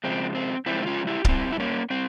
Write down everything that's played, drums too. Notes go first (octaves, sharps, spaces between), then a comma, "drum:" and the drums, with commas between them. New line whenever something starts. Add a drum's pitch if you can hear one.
C#3 F3 G#3 C4
C4
C#3 F3 G#3 C4 E4
E4
C#4 F4
E4 G4
F4, drum: kick
A#2 G3 C4 E4
E4
A#3 C#4
G3 C4